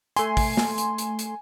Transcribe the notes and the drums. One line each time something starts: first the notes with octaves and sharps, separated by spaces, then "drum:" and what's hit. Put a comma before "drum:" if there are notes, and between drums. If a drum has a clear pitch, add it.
A3 G#5 C6, drum: hi-hat
drum: kick, open hi-hat
drum: snare
drum: hi-hat
drum: hi-hat
drum: hi-hat